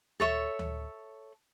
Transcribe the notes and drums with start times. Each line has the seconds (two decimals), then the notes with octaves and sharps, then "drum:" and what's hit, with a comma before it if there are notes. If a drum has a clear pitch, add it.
0.20 A4 C#5 E5 C#6, drum: tom D2
0.59 drum: tom D2